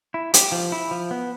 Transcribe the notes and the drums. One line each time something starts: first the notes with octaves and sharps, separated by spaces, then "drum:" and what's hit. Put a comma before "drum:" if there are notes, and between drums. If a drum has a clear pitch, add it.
E4
G4, drum: hi-hat
F3
E4
F3
B3